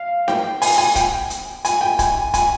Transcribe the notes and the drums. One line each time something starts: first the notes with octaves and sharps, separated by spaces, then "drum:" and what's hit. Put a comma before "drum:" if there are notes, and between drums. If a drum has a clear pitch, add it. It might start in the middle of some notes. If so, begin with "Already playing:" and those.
Already playing: F5
G5, drum: snare D#4
G#5, drum: open hi-hat
G#5
G5, drum: kick, hi-hat
drum: hi-hat
G#5, drum: hi-hat
G5
G#5, drum: kick, hi-hat
G#5, drum: kick, hi-hat